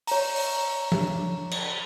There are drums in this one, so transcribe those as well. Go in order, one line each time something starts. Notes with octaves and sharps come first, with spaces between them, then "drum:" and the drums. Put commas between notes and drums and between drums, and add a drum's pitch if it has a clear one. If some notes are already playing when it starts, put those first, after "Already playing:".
C#5 A#5, drum: open hi-hat
drum: open hi-hat
drum: tom F3
drum: cymbal